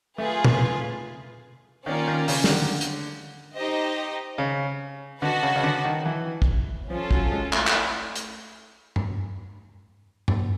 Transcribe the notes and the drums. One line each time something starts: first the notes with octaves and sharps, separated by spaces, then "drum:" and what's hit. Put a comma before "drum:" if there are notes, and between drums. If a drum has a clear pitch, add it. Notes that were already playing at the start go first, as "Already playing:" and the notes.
A3 F4 G#4 B4
drum: tom
D#3 A#3 C#4 F4 A#4 D5
D#3
C#3, drum: open hi-hat
D#3, drum: snare
D3
drum: hi-hat
D#4 G4 C5 D#5
C#3
D3 F#4 B4 D#5 F#5 A5
C#3
C#3
D3
D#3
E3
drum: kick
F3 C#4 F4 A4
F#3, drum: kick
G#3
A3, drum: clap
drum: clap
drum: hi-hat
drum: tom G2
drum: tom G2